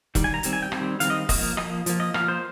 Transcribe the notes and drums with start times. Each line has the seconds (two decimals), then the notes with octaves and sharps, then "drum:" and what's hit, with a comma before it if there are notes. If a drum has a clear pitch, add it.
0.15 D#3 G3, drum: kick E1, hi-hat
0.24 G#5
0.34 A#5
0.43 D#3 G3 C4, drum: hi-hat
0.53 G#5
0.62 G5
0.72 D#3 G3 C4, drum: rim click
1.00 D#3 G3 C4 F5, drum: hi-hat
1.10 D#5
1.29 F3 A#3 D#5, drum: kick E1, open hi-hat
1.57 F3 D#5, drum: rim click
1.62 A#3
1.86 F3 A#3, drum: hi-hat
2.00 D#5
2.14 F3 A#3 F5, drum: rim click
2.28 C5